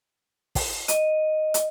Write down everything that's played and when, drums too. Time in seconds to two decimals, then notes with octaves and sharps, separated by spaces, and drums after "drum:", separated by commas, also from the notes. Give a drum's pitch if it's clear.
0.55 drum: kick, open hi-hat
0.88 D#5, drum: hi-hat
1.54 drum: hi-hat